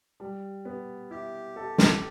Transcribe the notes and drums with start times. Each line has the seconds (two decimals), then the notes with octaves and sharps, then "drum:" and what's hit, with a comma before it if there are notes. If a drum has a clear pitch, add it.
0.20 G3
0.65 B3
1.10 E4 G4
1.56 A4
1.78 drum: snare